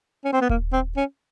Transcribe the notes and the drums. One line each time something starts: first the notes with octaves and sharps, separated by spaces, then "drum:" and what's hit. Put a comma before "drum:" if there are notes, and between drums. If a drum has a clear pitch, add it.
C#4
C4
B3
A#3, drum: kick D#1
C4
C#4